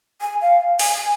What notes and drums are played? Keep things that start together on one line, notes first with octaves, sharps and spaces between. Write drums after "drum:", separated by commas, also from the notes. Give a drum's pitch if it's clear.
G#5
F5
G#5, drum: open hi-hat
G#5